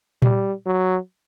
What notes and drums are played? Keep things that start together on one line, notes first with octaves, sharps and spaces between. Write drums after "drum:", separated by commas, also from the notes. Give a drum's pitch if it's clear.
G3, drum: tom A#2
F#3